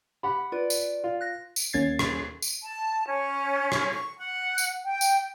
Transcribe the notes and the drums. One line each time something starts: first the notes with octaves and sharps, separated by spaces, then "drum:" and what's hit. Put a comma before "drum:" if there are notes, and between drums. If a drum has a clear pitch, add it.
G4 F#5 B5
F4 B4 D5
drum: tambourine
F4
F#6 A#6
drum: tambourine
D#2 A#3 C#4 G#6 A6 C7
drum: rim click
drum: tambourine
A5
C#4
drum: rim click
C#6
F#5
drum: tambourine
G5
drum: tambourine